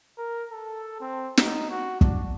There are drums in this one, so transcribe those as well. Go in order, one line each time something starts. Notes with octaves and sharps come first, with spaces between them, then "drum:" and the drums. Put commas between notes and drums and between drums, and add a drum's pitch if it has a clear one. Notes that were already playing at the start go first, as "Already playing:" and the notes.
A#4
A4
C4
D#4, drum: snare
F#4
D4, drum: kick